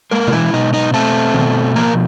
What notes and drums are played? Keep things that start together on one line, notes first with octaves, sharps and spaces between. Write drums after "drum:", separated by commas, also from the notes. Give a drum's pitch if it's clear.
G#3 A#3 A#4
F4, drum: tom B2
E3 E4
B2 D#4
D#4
A3 C4 A4
B2, drum: tom D#3
F3 A#3 A#4